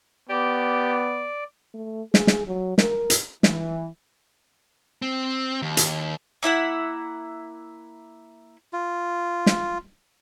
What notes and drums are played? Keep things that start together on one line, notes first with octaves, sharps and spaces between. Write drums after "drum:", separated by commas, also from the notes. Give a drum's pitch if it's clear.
B3 G4 D5
A3
G#4, drum: snare
drum: snare
F#3
A#4, drum: snare
drum: hi-hat
E3, drum: snare
C4
D#2
drum: hi-hat
A#3 E4 E5 F#5
F4
drum: snare